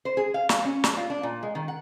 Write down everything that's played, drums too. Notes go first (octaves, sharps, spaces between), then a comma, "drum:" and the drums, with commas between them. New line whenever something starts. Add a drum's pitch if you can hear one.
C5
G#4
F5
F5, drum: snare
C#4
D4, drum: snare
F4
D4
A#2
G#3
D#3
F#5